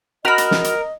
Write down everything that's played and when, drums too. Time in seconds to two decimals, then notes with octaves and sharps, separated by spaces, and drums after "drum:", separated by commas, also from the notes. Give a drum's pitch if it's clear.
0.25 F#4 A#4 D#5 B5 F6
0.38 drum: hi-hat
0.51 drum: snare
0.64 drum: hi-hat